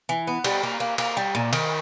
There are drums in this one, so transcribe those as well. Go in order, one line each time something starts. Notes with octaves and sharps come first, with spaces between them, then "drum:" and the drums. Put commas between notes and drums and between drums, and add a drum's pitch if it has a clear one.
E3
B3
G3, drum: cymbal
A#3
A#3
A#3, drum: cymbal
G3
A#2
D#3, drum: cymbal